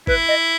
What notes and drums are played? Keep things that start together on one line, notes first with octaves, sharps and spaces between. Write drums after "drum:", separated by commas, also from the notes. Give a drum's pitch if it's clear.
E4 B4, drum: kick G1
D#5